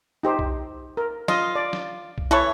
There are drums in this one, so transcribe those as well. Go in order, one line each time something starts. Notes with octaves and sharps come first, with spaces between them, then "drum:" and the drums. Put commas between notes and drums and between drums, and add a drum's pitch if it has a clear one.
D#4 G4 C5
drum: kick B1
A#4
F4 D#5, drum: snare
D5
drum: snare
drum: kick B1
E3 E4 A4 C#5